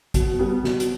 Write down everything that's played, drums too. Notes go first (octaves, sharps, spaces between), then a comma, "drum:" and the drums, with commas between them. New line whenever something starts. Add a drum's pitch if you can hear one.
B2, drum: kick A1, hi-hat
G3 B3
B2, drum: snare
drum: hi-hat